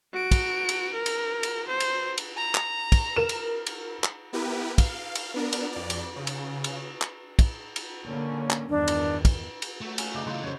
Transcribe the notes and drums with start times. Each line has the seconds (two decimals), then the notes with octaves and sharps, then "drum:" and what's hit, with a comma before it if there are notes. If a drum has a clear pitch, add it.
0.13 F#4 D7
0.31 drum: kick, cymbal
0.69 drum: cymbal
0.93 A#4
1.06 drum: cymbal
1.43 drum: cymbal
1.68 C5
1.80 drum: cymbal
2.18 drum: cymbal
2.37 A#5
2.55 drum: clap
2.92 drum: kick, cymbal
3.16 A#4 E7
3.29 drum: cymbal
3.66 drum: cymbal
4.04 drum: clap
4.33 B3 E4 G4 A#4 B4
4.78 F5, drum: kick, cymbal
5.15 drum: cymbal
5.34 B3 D4 A#4
5.53 drum: cymbal
5.72 F2 D5
5.90 drum: cymbal
6.16 C#3
6.27 drum: cymbal
6.64 drum: cymbal
7.01 drum: clap
7.39 drum: kick, cymbal
7.76 drum: cymbal
8.06 D3 A#3 C#4
8.50 drum: clap
8.70 E2 G2 D#3 D4
8.88 drum: cymbal
9.25 drum: kick, cymbal
9.62 drum: cymbal
9.81 F#3 A3 C#6
9.98 C#4 F#4 F5, drum: cymbal
10.14 C#3 D#4 F#4 D5
10.26 C#3 A3 E4 F4 A4 B4 C5 C#6
10.43 C#4 C5 C#5